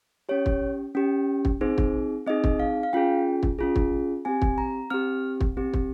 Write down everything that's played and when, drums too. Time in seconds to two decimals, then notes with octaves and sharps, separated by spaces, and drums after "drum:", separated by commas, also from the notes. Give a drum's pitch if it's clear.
0.29 C#4 G4 C#5
0.46 drum: kick
0.95 C#4 G4
1.45 drum: kick
1.61 C4 D#4 G#4 C5
1.78 drum: kick
2.27 C4 D#4 G#4 D#5
2.44 drum: kick
2.60 F5
2.83 F5
2.93 C#4 F4 G#4 G5
3.43 drum: kick
3.59 C#4 F4 G#4
3.76 drum: kick
4.25 C4 G4 G#5
4.42 drum: kick
4.58 A#5
4.90 C4 G4 F6
5.41 drum: kick
5.57 C4 G4
5.74 drum: kick